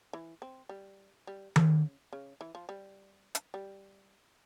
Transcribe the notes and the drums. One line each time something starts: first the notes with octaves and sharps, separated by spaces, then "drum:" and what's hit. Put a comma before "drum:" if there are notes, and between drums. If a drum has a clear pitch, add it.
E3
C4
G3
G3
C#3, drum: tom D#3
C#3
E3
F3
G3
drum: hi-hat
G3